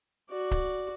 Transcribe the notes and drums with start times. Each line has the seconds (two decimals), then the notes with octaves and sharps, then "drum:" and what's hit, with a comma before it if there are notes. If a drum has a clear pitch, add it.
0.30 F#4 D5
0.51 drum: kick C#1